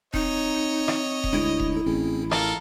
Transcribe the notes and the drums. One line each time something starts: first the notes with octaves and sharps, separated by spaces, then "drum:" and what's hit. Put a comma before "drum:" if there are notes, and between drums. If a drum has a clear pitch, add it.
C4 D#4 C#5 D#5, drum: kick E1
drum: rim click
drum: kick E1
D2 G#3 D4 E4
drum: kick E1
D#4 A4
A1 C4 C#4 G#4
F4 A4 A#4 E6, drum: rim click